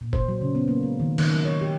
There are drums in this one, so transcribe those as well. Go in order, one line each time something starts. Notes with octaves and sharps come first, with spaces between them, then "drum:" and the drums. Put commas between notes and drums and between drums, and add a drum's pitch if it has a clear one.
A#2
C5, drum: kick
F#3
C#3
B3
A#3
G#3
D#3
D#3, drum: cymbal
F#3
C#5
G4